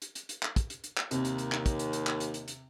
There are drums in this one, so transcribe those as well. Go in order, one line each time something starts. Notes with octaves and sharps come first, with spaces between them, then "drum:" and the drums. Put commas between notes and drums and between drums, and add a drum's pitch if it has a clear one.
drum: hi-hat
drum: hi-hat
drum: hi-hat
drum: clap
drum: kick, hi-hat
drum: hi-hat
drum: hi-hat
drum: clap
D#2 C3, drum: hi-hat
drum: hi-hat
drum: hi-hat
drum: clap
drum: kick, hi-hat
drum: hi-hat
drum: hi-hat
drum: clap
drum: hi-hat
drum: hi-hat
drum: hi-hat